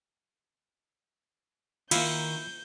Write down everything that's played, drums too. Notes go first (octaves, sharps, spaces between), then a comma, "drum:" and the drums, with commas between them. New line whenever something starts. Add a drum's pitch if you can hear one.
D#3 A#3 E4 F4 F5 G6, drum: cymbal